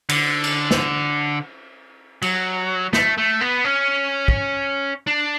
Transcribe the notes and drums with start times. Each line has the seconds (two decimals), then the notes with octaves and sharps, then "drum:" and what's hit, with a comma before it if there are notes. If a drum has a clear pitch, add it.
0.09 D3, drum: cymbal
0.44 drum: cymbal
0.71 drum: snare
2.22 F#3, drum: cymbal
2.93 A3, drum: snare
3.18 A3
3.41 B3
3.64 C#4
4.28 drum: kick
5.07 D4